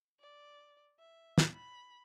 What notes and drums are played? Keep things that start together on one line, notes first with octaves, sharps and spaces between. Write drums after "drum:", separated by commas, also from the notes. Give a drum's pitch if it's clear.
D5
E5
drum: snare
B5